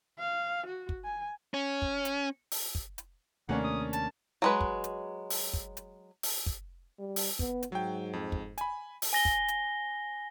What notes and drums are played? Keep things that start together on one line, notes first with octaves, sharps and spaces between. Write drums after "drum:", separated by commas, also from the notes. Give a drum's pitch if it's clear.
F5
F#4
drum: kick
G#5
C#4
drum: kick
drum: hi-hat
drum: open hi-hat
drum: kick
drum: hi-hat
D#2 C3 A3 A#3 C#4 D4 F#5
D#6
A4
A5, drum: hi-hat
F#3 G#3 B4
drum: kick
drum: hi-hat
drum: open hi-hat
drum: kick
drum: hi-hat
drum: open hi-hat
drum: kick
G3
drum: open hi-hat
B3, drum: kick
drum: hi-hat
G#2 F#3 G5
F2
drum: kick
G#5 B5, drum: hi-hat
drum: open hi-hat
G#5 A#6 G7
drum: kick
drum: hi-hat